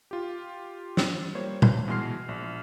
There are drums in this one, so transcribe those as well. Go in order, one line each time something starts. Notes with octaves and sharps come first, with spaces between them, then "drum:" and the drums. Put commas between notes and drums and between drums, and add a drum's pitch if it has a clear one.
F4 G4
drum: snare
G3 A#3 C5 C#5
drum: tom
B2 E3 G#3 C6 F6 C7
A#1